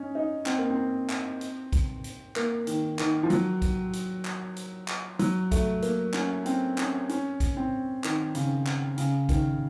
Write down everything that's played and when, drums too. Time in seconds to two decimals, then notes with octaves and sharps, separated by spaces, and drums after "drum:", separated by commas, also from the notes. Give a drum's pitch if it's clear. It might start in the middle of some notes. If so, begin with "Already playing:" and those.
Already playing: C#4 D#4
0.15 D#4
0.46 C4, drum: clap
0.58 A#3
0.70 C4
1.09 drum: clap
1.41 drum: hi-hat
1.73 drum: kick A#1, hi-hat
2.04 drum: hi-hat
2.36 A#3, drum: clap
2.67 D#3, drum: hi-hat
2.99 D#3, drum: clap
3.23 F3
3.30 F#3, drum: hi-hat
3.62 drum: kick A#1, hi-hat
3.93 drum: hi-hat
4.25 drum: clap
4.56 drum: hi-hat
4.88 drum: clap
5.19 F#3, drum: hi-hat
5.51 A3, drum: kick A#1, hi-hat
5.82 A#3, drum: hi-hat
6.14 C#4, drum: clap
6.46 C4, drum: hi-hat
6.78 C#4, drum: clap
7.09 C#4, drum: hi-hat
7.40 drum: kick A#1, hi-hat
7.57 C4
8.04 D#3, drum: clap
8.35 C#3, drum: hi-hat
8.66 drum: clap
8.98 C#3, drum: hi-hat
9.29 D#3, drum: kick A#1, hi-hat